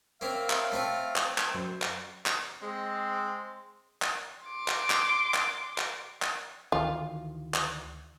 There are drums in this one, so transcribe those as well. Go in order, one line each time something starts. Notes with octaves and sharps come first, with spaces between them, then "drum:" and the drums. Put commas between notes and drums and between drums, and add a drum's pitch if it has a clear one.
A#3 C4 C#5 E5 F5 F6
drum: clap
A3 C4 F4
drum: clap
drum: clap
F#2 C5
drum: clap
drum: clap
G#3 C4
drum: clap
C6 D6
drum: clap
drum: clap
drum: clap
drum: clap
drum: clap
D2 D#3 E3 F4
drum: clap